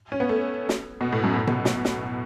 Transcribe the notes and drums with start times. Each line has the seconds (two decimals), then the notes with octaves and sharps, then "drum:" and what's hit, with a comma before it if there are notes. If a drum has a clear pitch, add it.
0.12 C#4
0.20 B3
0.29 A3
0.69 drum: snare
1.01 B2
1.12 A2
1.24 F#2
1.36 A2
1.47 B2, drum: tom C3
1.65 drum: snare
1.85 drum: snare